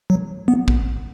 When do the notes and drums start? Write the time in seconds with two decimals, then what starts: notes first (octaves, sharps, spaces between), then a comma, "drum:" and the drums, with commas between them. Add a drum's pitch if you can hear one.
0.10 F#3
0.48 B3
0.68 drum: kick